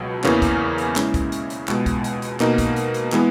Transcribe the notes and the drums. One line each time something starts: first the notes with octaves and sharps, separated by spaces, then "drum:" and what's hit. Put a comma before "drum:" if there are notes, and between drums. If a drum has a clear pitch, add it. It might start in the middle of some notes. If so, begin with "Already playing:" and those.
Already playing: C#2 B2 F#3
E2 C#3 E3 A#3 C#4, drum: clap
drum: kick B1, hi-hat
drum: hi-hat
C#3 G#3 C#4 E4, drum: clap
drum: kick B1, hi-hat
drum: hi-hat
drum: hi-hat
C#2 B2 G#3, drum: clap
drum: kick B1, hi-hat
drum: hi-hat
drum: hi-hat
B2 A#3 D#4, drum: clap
drum: kick B1, hi-hat
drum: hi-hat
drum: hi-hat
E3 G#3 B3 E4, drum: clap